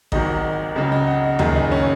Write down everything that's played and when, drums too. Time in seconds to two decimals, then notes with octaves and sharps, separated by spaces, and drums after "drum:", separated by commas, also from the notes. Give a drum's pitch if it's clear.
0.12 G#1 G#2 D#3 F#3 D#5, drum: kick A1
0.76 C#2 C#3 F#3 D#5
0.92 D#5
1.07 F#5
1.24 D#5
1.39 F#1 F#2 D#3 F#3 G#4, drum: tom D2
1.55 D#4
1.72 C#4